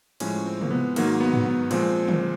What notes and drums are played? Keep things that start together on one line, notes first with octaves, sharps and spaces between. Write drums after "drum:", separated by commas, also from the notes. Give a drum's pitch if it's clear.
A2 F3 G#3 C#4, drum: cymbal
C4
A#3, drum: tom C3
B3
G#2 D#3 F#3 A#3, drum: cymbal
B3
drum: tom G2
B3
A#2 F3 G#3 C4, drum: cymbal
drum: tom D3